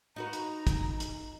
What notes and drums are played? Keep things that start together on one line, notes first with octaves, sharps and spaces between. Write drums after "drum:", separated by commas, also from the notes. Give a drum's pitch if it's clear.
D#4 F#4 B4 A#5
drum: hi-hat
drum: kick, hi-hat
drum: hi-hat